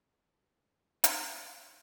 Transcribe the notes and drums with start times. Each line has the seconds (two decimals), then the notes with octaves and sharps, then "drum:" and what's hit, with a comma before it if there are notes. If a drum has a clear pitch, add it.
1.04 G2 G3, drum: hi-hat
1.33 D4 D#5
1.52 G#2 D3